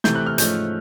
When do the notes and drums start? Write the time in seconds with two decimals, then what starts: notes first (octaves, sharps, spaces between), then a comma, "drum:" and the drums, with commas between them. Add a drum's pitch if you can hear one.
0.04 C3 E3 A3 G6, drum: snare
0.15 F#6
0.26 F6
0.38 G#2 F3 A3 C#4 G6, drum: hi-hat